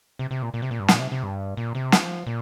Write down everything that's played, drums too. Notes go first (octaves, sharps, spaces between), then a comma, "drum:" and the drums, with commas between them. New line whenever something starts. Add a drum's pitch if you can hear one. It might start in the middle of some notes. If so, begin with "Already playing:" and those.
C3
C3
A#2
A#2
C3
A#2
G2
A#2, drum: snare
C3
C3
G2
A#2
C3
F3, drum: snare
A#2